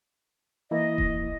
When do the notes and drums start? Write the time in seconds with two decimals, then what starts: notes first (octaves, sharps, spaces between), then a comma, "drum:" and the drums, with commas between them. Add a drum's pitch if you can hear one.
0.71 E3 A#3 E4 D#5
0.98 drum: kick D#1